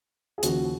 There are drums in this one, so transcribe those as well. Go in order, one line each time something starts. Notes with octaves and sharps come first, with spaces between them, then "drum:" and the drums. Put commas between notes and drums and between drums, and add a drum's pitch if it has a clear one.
G#4
D#2 C#3 F3 F#4, drum: hi-hat